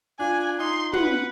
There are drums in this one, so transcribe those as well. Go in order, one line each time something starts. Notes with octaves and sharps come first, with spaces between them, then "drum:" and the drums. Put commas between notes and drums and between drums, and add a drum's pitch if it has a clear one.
D4 F4 G#5
D#4 C6
B4 F#5, drum: tom